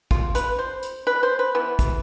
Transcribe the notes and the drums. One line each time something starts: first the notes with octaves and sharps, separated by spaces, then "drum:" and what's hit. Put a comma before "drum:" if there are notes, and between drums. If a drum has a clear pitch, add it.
F4, drum: kick
B4, drum: hi-hat
C5
drum: hi-hat
B4
C5
B4
E3 B3
drum: kick, hi-hat